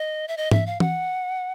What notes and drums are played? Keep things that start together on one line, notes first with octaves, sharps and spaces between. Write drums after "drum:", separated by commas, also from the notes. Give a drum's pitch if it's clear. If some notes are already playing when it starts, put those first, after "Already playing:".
Already playing: D#5
E5
D#5
E5, drum: tom G#2
F5
F#5, drum: tom E3